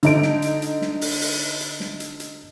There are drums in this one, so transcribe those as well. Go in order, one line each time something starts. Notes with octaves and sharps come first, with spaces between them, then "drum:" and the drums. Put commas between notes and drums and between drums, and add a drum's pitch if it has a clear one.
D3 D#4 D7, drum: hi-hat
drum: snare
drum: hi-hat
drum: hi-hat
drum: snare
drum: open hi-hat
drum: open hi-hat
drum: hi-hat
drum: snare
drum: hi-hat
drum: hi-hat